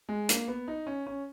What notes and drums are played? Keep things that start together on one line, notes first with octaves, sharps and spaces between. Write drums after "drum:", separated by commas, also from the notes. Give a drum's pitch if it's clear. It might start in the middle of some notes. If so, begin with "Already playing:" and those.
G#3
A#3, drum: hi-hat
B3
D#4
C#4
C#4